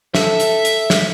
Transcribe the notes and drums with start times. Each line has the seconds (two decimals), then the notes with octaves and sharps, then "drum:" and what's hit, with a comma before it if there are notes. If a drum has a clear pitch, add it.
0.15 A4 E5, drum: snare
0.40 drum: hi-hat
0.65 drum: hi-hat
0.90 drum: snare